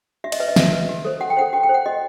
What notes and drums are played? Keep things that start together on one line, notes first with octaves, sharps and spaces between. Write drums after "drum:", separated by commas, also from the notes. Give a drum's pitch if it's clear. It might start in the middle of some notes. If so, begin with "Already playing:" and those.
F#4 E5
D#5, drum: cymbal
B4 E5
D#5
F#4 E5, drum: snare
B4
F#4
A4 C5
F#4 F#5
G5
A4 C5 F#5
F#4 G5
G5
C5
F#5
F#4 D#5